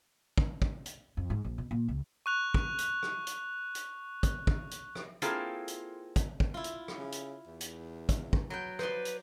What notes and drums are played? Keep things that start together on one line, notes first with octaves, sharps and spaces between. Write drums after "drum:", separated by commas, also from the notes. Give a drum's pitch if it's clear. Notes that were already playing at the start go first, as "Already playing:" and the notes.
drum: kick
drum: kick
drum: hi-hat
F2
G#2
A#1
B2
A#2
C#2
C#6 F#6 F7
drum: kick
drum: hi-hat
drum: rim click
drum: hi-hat
drum: hi-hat
drum: kick, hi-hat
drum: kick
drum: hi-hat
drum: rim click
A#3 C4 E4 F4 G#4 A4, drum: hi-hat
drum: hi-hat
drum: kick, hi-hat
drum: kick
E4 F4
drum: hi-hat
drum: rim click
C#3
drum: hi-hat
E2
drum: hi-hat
drum: kick, hi-hat
drum: kick
F#3 B4 G5
B4 C5 D5 C6, drum: rim click
drum: hi-hat